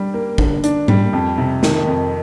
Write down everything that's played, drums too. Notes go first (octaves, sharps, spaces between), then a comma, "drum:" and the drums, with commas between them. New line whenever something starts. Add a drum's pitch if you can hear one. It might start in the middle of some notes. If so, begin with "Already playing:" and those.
Already playing: G3 D4
A#3
D3, drum: kick
D4, drum: hi-hat
G3, drum: tom G#2
F2
C3
D#3, drum: snare
F2